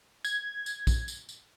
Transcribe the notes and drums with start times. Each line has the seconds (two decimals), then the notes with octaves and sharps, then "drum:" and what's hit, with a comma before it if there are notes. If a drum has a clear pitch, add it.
0.25 G#6, drum: tambourine
0.66 drum: tambourine
0.87 drum: kick A#1, tambourine
1.08 drum: tambourine
1.29 drum: tambourine